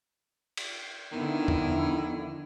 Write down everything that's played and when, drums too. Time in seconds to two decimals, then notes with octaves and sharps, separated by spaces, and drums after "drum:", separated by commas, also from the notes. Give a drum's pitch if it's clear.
0.57 drum: cymbal
1.12 F2 D3 D#3 B3 E4
1.48 drum: tom E2